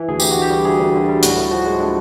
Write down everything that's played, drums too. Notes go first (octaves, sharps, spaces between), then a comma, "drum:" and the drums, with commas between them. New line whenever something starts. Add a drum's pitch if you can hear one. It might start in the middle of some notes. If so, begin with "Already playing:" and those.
Already playing: E3
D2 G#4
D2 G4, drum: tambourine
F#4
D3 G4
G3
D2 G#4
D2
D3
G3
A2 F#4, drum: hi-hat
A2
F3 F#4
G#3
A2 D4